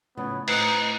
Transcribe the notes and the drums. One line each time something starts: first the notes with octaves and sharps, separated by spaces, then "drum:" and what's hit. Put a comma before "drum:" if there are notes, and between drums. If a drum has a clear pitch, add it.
F2 A2 C#3 B3
A2 A3 C4 D#4 B4 F#6 G6 C7, drum: cymbal